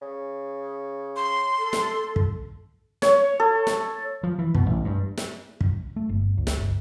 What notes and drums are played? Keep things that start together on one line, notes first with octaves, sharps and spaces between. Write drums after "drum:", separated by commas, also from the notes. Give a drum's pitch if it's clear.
C#3
C6
A4
drum: snare
drum: kick
C#5, drum: snare
A4
drum: snare
F3
E3
B2, drum: kick
A1
G2
drum: snare
drum: kick
A3
G1
C#2
drum: snare
G1